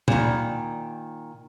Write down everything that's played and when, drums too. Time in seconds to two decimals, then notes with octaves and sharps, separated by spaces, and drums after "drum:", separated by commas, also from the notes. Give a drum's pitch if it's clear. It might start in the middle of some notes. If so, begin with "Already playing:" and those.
0.08 A#2 D#3, drum: tom